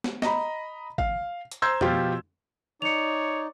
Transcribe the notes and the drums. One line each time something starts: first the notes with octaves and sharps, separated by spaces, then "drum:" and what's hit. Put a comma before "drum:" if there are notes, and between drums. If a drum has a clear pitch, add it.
drum: snare
D#5 A#5 B5, drum: snare
F5, drum: kick G#1
drum: hi-hat
C5 A#5 C6 E6 G6 G#6
B2 F3 F4 G4 C6, drum: tom
D#4 C#5 D5 C#7 F7